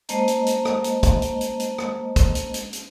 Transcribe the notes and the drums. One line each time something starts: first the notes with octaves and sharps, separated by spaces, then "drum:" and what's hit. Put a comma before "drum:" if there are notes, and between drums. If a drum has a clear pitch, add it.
G#3 A#3 C5 D#5 A5 A#5, drum: hi-hat
drum: hi-hat
drum: hi-hat
drum: rim click
drum: hi-hat
drum: kick, hi-hat
drum: hi-hat
drum: hi-hat
drum: hi-hat
drum: rim click
drum: kick, hi-hat
drum: hi-hat
drum: hi-hat
drum: hi-hat